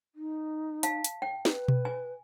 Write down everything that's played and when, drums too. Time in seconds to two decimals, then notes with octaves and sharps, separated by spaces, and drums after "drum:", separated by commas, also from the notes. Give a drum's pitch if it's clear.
0.15 D#4
0.83 F5 A5, drum: hi-hat
1.04 drum: hi-hat
1.22 G5
1.45 B4, drum: snare
1.68 drum: tom B2
1.85 G#5